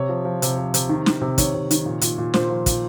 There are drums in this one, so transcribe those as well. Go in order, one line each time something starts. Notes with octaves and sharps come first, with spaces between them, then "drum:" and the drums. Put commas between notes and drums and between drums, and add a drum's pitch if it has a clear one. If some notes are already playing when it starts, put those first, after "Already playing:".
Already playing: C3 C#5
F3
F3
C3, drum: hi-hat
F3
C3, drum: hi-hat
D#3
D#3, drum: snare
C3
D#3 C#5, drum: kick, hi-hat
C3
D#3, drum: hi-hat
A#2
A#2, drum: hi-hat
A#2
A#2 C5, drum: snare
F3
A#2, drum: kick, hi-hat